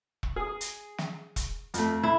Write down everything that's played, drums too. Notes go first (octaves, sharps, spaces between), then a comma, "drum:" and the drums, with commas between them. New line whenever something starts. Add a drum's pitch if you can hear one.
drum: kick E1
G#4 D#6
drum: hi-hat
drum: snare
drum: kick E1, hi-hat
F2 A3, drum: hi-hat
E4